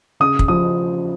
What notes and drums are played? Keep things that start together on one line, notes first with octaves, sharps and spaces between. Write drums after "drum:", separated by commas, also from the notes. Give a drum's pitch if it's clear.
C#3 D#6
drum: kick
F3 D#6